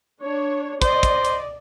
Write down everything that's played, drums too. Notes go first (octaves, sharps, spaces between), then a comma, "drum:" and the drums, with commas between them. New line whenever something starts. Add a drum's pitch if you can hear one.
D4 C#5
C5 D5 D#5, drum: kick, hi-hat
drum: kick, hi-hat
drum: hi-hat